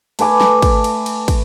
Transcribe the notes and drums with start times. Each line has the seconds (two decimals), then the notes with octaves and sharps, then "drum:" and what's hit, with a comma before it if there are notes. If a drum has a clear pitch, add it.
0.19 A3 B4 G#5 D6, drum: cymbal
0.41 drum: snare
0.62 drum: kick, cymbal
0.84 drum: cymbal
1.06 drum: cymbal
1.28 drum: kick, cymbal